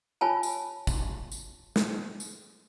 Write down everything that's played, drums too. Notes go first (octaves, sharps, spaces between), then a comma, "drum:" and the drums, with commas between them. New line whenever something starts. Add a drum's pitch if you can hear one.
F4 C#5 G#5 A5 B5
drum: tambourine
drum: kick, tambourine
drum: tambourine
drum: snare
drum: tambourine